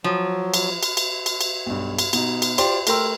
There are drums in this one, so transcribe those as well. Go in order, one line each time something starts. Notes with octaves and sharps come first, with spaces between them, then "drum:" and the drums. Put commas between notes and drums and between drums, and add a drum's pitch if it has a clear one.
F3 F#3
drum: cymbal
drum: cymbal
drum: cymbal
drum: cymbal
drum: cymbal
B1 G2
drum: cymbal
B2 D#4, drum: cymbal
drum: cymbal
F4 G4 C5 D5 G5 C6, drum: cymbal
A3 A#4 G5 C6 E6, drum: cymbal